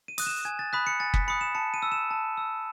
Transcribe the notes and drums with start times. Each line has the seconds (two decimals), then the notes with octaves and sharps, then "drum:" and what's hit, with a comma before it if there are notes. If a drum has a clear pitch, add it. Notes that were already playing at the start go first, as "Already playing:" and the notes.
0.08 D#7
0.18 D#6 F#6, drum: open hi-hat
0.26 E7
0.45 G#5 G#6
0.59 A6
0.73 B5 D#6 F#6 B6
0.87 C#7
1.00 G#5 A6
1.14 B6, drum: kick F#1
1.28 B5 D#6 F#6 C#7
1.41 E7
1.55 A5 C#7
1.74 D#7
1.82 E6
1.92 E7
2.11 A5
2.37 E6